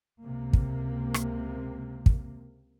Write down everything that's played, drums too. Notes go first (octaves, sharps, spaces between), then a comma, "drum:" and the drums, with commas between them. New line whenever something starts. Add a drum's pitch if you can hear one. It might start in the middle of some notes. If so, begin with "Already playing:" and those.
C#2 C3 A#3
drum: kick
drum: rim click
drum: kick